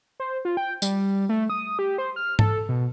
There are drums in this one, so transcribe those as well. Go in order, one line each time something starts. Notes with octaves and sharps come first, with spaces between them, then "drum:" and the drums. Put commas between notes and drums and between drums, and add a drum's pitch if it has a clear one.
C5
F4
G5
G3, drum: tambourine
A3
D#6
G4
C5
F6
A4, drum: tom G#2
B2